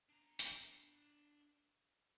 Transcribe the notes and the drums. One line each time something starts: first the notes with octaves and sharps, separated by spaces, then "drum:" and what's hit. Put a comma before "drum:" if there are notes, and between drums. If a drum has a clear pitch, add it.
D4 A#5
drum: hi-hat